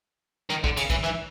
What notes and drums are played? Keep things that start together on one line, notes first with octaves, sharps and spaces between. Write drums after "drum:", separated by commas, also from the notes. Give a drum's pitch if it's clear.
D#3, drum: snare
D3, drum: kick
C#3, drum: cymbal
E3, drum: kick, cymbal
E3, drum: snare